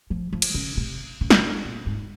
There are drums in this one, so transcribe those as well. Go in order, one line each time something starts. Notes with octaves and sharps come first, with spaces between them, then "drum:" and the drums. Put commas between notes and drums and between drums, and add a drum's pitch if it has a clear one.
F3
F3
drum: cymbal
C#3
C3
C#3
drum: snare
A#2
G#2